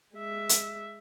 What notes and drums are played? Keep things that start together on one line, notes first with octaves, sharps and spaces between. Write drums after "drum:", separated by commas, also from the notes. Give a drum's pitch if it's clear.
G#3 E5
drum: hi-hat